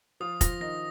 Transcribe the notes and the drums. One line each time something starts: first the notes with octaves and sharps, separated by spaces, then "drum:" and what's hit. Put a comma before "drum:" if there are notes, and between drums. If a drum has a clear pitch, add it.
F3 F4 D#6
F3 F4 A#6, drum: kick F1, hi-hat
D#3 D#4 A#6